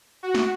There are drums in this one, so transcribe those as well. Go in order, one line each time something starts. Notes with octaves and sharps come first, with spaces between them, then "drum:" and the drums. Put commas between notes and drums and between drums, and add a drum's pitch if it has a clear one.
F#4
drum: snare